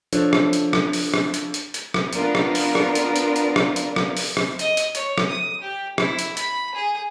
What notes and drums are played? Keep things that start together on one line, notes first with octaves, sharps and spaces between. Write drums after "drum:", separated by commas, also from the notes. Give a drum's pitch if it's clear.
F3 D4 A4 C#5, drum: hi-hat
drum: rim click
drum: hi-hat
drum: rim click
drum: open hi-hat
drum: rim click
drum: hi-hat
drum: hi-hat
drum: hi-hat
drum: rim click
B3 D4 F4 A#4, drum: hi-hat
drum: rim click
drum: open hi-hat
drum: rim click
drum: hi-hat
drum: hi-hat
drum: hi-hat
drum: rim click
drum: hi-hat
drum: rim click
drum: open hi-hat
drum: rim click
D#5, drum: hi-hat
drum: hi-hat
C#5, drum: hi-hat
drum: rim click
D#6
G4
E4, drum: rim click
drum: hi-hat
B5, drum: hi-hat
G#4